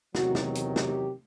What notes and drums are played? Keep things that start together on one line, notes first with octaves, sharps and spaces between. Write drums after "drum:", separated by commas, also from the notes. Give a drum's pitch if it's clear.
E2 C3 D#3 F#3 F#4, drum: snare
drum: snare
drum: hi-hat
G4, drum: snare